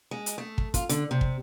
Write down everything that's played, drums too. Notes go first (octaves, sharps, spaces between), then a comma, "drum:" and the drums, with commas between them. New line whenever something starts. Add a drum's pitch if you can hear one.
G#3
drum: hi-hat
A3
drum: kick
F4, drum: kick, hi-hat
D3, drum: hi-hat
C3
drum: kick